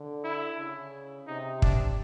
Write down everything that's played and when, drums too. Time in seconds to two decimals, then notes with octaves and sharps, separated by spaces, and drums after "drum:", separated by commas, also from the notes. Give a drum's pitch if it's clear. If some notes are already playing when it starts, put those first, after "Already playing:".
Already playing: D3
0.24 E4
0.59 C#3
1.27 C3 D#4
1.62 D4, drum: kick